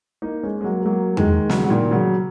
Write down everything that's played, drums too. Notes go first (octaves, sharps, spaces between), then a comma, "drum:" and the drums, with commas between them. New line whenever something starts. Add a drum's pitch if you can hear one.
A#3 D#4
G#3 C#4
G#3
F#3 A#3
G#3
F#3 A#3
D#3 G#3, drum: tom E2
C#3 F#3, drum: snare
F#3
A#2 D#3
C#3 F#3